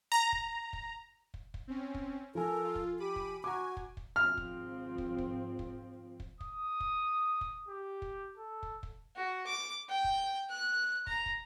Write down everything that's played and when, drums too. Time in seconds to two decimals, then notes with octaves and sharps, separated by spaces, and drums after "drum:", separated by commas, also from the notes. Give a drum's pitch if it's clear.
0.12 A#5
0.32 drum: kick
0.73 drum: kick
1.34 drum: kick
1.54 drum: kick
1.67 C4 C#4
1.94 drum: kick
2.35 F3 A4 A#4 G#5
2.64 F4
2.75 drum: kick
3.00 G4 B5 D6 D#7
3.16 drum: kick
3.44 F#4 G#5 A#5 D6
3.77 drum: kick
3.97 drum: kick
4.16 G#1 F3 C4 F6
4.37 drum: kick
4.98 drum: kick
5.18 drum: kick
5.59 drum: kick
6.20 drum: kick
6.40 D#6, drum: kick
6.80 drum: kick
7.41 drum: kick
7.68 G4
8.02 drum: kick
8.37 A4
8.63 drum: kick
8.83 drum: kick
9.16 F#4
9.47 D6
9.89 G5
10.04 drum: kick
10.50 F#6
11.07 A#5, drum: kick
11.26 drum: kick